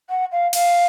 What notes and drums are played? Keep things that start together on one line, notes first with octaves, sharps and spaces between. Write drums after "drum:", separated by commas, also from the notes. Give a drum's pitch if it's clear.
F#5
F5
F5, drum: cymbal